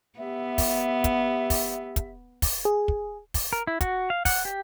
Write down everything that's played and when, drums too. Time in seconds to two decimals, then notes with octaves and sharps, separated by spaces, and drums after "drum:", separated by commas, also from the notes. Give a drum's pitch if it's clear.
0.19 B3 G4 E5
0.58 drum: kick, open hi-hat
1.04 drum: kick, hi-hat
1.50 drum: kick, open hi-hat
1.96 drum: kick, hi-hat
2.42 drum: kick, open hi-hat
2.65 G#4
2.88 drum: kick
3.34 drum: kick, open hi-hat
3.53 A#4
3.67 E4
3.81 F#4, drum: kick, hi-hat
4.10 F5
4.25 F#5, drum: kick, open hi-hat
4.45 G4